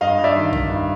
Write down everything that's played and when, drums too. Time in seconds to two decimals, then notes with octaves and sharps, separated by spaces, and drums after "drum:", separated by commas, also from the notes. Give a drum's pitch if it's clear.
0.01 G2 D#5 F5
0.19 G2
0.24 D5 E5
0.36 D#3
0.53 D#3, drum: kick B1
0.70 G2